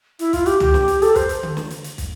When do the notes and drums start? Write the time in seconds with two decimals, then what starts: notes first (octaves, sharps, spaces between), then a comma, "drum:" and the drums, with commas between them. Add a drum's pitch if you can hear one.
0.19 E4, drum: hi-hat
0.33 F4, drum: kick, hi-hat
0.46 G4, drum: hi-hat
0.60 G4, drum: tom
0.74 drum: snare
0.88 drum: hi-hat
1.02 A4, drum: hi-hat
1.15 C5, drum: kick, hi-hat
1.29 drum: hi-hat
1.43 drum: tom D3
1.57 drum: snare
1.71 drum: hi-hat
1.84 drum: hi-hat
1.98 drum: kick, hi-hat